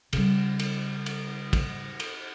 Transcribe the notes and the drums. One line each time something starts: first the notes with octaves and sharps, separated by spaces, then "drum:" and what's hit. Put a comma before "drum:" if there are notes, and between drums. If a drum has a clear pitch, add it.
C#3 G3, drum: cymbal
drum: cymbal
drum: cymbal
drum: kick, cymbal
drum: cymbal